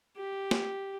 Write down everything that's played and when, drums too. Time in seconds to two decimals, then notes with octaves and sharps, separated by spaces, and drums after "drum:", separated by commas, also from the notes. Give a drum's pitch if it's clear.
0.17 G4
0.51 drum: snare